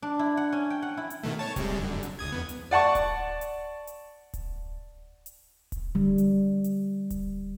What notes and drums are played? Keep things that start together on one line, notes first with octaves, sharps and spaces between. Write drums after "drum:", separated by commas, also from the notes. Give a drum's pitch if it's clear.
D4
E4
F#5
C#4
G5
F#5
E4
drum: hi-hat
B2 D#3 A3
C#5 A5
C3 G3 G#3, drum: kick D1, hi-hat
F#2 D3
drum: hi-hat
C#2 D#6 G#6
E2 B3
drum: hi-hat
D5 F#5 A5 C#6
drum: kick D1, hi-hat
drum: hi-hat
drum: hi-hat
drum: kick D1, hi-hat
drum: hi-hat
drum: kick D1, hi-hat
D3 G3
drum: hi-hat
drum: hi-hat
drum: kick D1, hi-hat